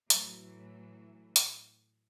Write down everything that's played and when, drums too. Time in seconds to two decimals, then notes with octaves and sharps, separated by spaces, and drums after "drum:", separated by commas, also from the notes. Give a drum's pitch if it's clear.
0.10 A2 E3 F#3, drum: hi-hat
1.36 drum: hi-hat